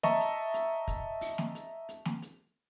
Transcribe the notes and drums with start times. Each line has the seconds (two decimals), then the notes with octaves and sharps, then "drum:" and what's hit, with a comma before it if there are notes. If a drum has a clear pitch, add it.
0.03 D#5 E5 A5 A#5 C#6, drum: snare
0.20 drum: hi-hat
0.54 drum: hi-hat
0.88 drum: kick, hi-hat
1.21 drum: open hi-hat
1.38 drum: snare
1.55 drum: hi-hat
1.89 drum: hi-hat
2.05 drum: snare
2.22 drum: hi-hat